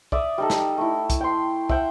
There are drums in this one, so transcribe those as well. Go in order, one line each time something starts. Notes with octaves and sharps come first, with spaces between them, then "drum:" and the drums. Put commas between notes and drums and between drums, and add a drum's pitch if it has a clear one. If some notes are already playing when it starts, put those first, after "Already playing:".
D5 E5 D#6, drum: kick
G3 D#4 A4
drum: snare
A3 E4
drum: kick, hi-hat
G5 C6
E5 F#5 G5, drum: kick